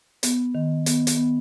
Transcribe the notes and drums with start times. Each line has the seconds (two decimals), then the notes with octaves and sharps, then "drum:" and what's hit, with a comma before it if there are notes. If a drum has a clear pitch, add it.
0.23 B3, drum: hi-hat
0.55 D#3
0.86 B3, drum: hi-hat
1.07 drum: hi-hat
1.17 B3